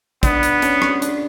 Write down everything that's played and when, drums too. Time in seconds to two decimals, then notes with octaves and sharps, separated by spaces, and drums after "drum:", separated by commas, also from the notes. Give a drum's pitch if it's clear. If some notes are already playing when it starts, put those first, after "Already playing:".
0.23 B3 D4, drum: kick, hi-hat
0.43 drum: hi-hat
0.62 C#4, drum: hi-hat
0.82 C#4, drum: rim click
1.02 D4, drum: hi-hat